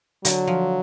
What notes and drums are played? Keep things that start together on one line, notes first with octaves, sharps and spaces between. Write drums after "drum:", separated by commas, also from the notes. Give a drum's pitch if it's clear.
D3 F#3, drum: hi-hat
F3